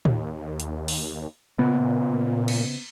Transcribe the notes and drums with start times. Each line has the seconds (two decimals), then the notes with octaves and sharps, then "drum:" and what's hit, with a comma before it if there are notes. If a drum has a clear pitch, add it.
0.05 D#2, drum: tom A2
0.60 drum: hi-hat
0.88 drum: open hi-hat
1.58 A#2 C#3 B3
2.48 drum: cymbal